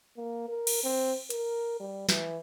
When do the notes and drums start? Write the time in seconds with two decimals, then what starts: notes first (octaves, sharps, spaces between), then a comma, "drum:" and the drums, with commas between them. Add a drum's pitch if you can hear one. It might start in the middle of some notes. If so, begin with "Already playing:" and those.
0.17 A#3
0.48 A#4
0.67 drum: cymbal
0.84 C4
1.30 A#4, drum: hi-hat
1.80 G3
2.09 E3, drum: snare